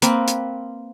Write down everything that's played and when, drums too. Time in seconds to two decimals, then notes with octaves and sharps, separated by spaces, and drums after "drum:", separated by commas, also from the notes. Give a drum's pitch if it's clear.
0.02 A#3 C4 B4, drum: hi-hat
0.28 drum: hi-hat